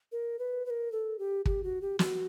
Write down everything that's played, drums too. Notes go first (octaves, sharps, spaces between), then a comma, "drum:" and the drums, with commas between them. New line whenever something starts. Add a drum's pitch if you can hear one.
A#4
B4
B4
A#4
A4
G4
G4, drum: kick
F#4
G4
F#4, drum: snare